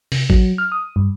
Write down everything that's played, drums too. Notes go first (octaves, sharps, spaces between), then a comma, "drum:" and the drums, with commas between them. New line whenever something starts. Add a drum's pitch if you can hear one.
C3, drum: open hi-hat
F#3, drum: kick G#1
F6
D#6
G2